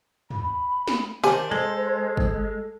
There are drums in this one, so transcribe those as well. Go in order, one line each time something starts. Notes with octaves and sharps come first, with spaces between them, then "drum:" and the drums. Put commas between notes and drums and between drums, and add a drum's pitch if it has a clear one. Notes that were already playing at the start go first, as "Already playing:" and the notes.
B5, drum: tom
drum: snare
D#3 D4 G4 C5 G#5, drum: tambourine
G#3 A4
drum: kick